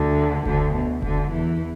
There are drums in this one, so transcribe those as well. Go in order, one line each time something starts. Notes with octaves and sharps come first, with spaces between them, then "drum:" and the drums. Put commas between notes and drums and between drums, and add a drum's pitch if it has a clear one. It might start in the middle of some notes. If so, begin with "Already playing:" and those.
Already playing: D2 D3
D2 D3, drum: kick F1
B2
D2 D3, drum: kick F1
E2 E3